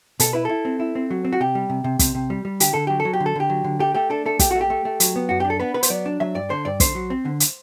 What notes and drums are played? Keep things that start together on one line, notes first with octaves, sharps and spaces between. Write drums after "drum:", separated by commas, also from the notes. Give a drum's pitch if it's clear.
B2 A4, drum: hi-hat
E4 B4
E4 A4
C4
E4
C4
F#3
C4
F#4
C3 G4
G3
C3
C3
C3, drum: kick, hi-hat
C3
G3
G3
D3 G4, drum: hi-hat
D3 A4
F#3 G4
A4
F#3
G4
D3
A4
D3 G4
F#3
D3
A3 G4
A3 G4
D4 A4
A3 A4
A3 G4, drum: kick, hi-hat
A3 F#4
G4
A3
A3
F#3, drum: hi-hat
B3
F#2 F#4
G4
D4
A4
B3 B4
B3 B4
C5, drum: hi-hat
F#3 D5
D4
F#3 E5
G2 D5
D3 C5
G2 D5
D3 C5, drum: kick, hi-hat
F#3
C4
D3
drum: hi-hat